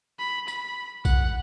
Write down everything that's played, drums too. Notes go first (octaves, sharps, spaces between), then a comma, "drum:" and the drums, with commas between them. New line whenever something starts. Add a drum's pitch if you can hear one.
B5
B5, drum: tambourine
F#5, drum: kick A#1, tambourine